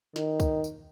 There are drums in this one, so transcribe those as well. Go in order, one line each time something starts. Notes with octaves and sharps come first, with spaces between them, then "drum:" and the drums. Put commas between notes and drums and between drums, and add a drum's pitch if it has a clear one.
D#3, drum: snare
drum: kick C2, tambourine
drum: tambourine